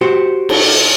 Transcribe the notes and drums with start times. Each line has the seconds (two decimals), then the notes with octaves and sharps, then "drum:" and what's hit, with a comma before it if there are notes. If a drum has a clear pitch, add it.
0.01 F#4 G4 C5
0.49 drum: cymbal